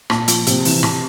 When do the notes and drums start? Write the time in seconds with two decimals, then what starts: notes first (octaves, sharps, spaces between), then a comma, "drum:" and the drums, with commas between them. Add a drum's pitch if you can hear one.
0.10 A#2 A5, drum: rim click
0.28 F3, drum: hi-hat
0.47 C3, drum: hi-hat
0.65 E3, drum: open hi-hat
0.83 C3 A5, drum: rim click